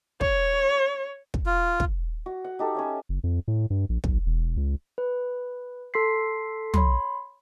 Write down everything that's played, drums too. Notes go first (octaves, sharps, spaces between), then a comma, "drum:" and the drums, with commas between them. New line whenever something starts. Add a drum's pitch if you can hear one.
C#5, drum: kick
drum: kick
F4
drum: kick
F#4
F#5
D#4 G4 A4
C#4 C#5 E5
F#1
F2
A2
G2
A#1
B1, drum: kick
E1
C#2
B4
A4 C6 B6 C7
C#5 B5 C6, drum: tom